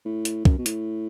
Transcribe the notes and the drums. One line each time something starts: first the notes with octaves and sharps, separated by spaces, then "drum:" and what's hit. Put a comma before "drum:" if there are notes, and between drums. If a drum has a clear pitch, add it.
A2
drum: hi-hat
F#2, drum: kick
B2
A2, drum: hi-hat